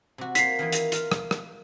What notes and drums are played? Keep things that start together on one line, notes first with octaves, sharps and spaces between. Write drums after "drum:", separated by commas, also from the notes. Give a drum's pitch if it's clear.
C3 F#4
A#3 C6 B6 C7, drum: hi-hat
D#3 E3 A#3
drum: hi-hat
F4 A#4, drum: hi-hat
drum: rim click
drum: rim click